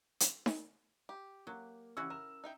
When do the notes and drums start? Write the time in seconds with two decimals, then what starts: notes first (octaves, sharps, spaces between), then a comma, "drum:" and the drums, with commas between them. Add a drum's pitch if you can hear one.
0.20 drum: hi-hat
0.46 drum: snare D#4
1.09 G4
1.47 F#3 A#3
1.97 C#3 E3 C#4 E4 F#4 G4 E6
2.10 A#4 E7
2.44 D#4 E5 G5